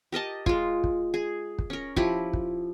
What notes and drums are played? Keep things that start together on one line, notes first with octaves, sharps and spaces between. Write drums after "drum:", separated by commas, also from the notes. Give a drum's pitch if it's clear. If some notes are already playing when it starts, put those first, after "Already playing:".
G4 A#4 D#5 A5
G#3 F4, drum: kick
drum: kick
G#4
drum: kick
C#4 A#4
F3 E4 G4, drum: kick
drum: kick